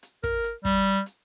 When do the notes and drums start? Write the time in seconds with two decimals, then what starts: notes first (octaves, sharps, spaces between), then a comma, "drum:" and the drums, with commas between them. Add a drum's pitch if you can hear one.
0.03 drum: hi-hat
0.24 A#4, drum: kick, hi-hat
0.44 drum: hi-hat
0.65 G3, drum: kick, hi-hat
1.06 drum: hi-hat